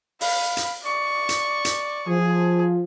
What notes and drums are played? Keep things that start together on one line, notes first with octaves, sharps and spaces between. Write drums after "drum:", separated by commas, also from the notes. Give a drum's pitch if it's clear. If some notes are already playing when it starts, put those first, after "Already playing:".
F5 B5, drum: open hi-hat
drum: hi-hat
D5 C#6
drum: hi-hat
drum: hi-hat
F3 G#4